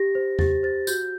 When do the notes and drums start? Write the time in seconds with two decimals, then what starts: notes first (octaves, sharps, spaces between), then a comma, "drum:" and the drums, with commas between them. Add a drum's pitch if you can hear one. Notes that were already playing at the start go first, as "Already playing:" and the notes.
Already playing: G4 A#6
0.15 C5
0.39 G4 A6, drum: tom E2
0.63 C5 A6
0.87 F#4 G6, drum: tambourine